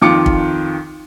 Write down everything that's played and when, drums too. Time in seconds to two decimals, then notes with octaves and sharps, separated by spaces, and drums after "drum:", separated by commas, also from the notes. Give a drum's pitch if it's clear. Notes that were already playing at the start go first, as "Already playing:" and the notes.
0.01 F2 D#3 F4 D6 C#7
0.26 drum: kick